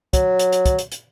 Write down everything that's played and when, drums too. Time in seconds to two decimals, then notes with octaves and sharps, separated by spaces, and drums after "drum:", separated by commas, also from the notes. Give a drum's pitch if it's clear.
0.13 F#3, drum: kick, hi-hat
0.39 drum: hi-hat
0.52 drum: hi-hat
0.66 drum: kick, hi-hat
0.79 drum: hi-hat
0.92 drum: hi-hat